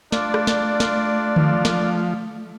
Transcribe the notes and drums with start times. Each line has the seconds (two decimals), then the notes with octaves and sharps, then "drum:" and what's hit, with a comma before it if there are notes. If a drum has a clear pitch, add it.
0.12 A3 D4 F4 D5, drum: snare
0.34 drum: rim click
0.47 drum: snare
0.80 drum: snare
1.36 F3, drum: tom D3
1.65 drum: snare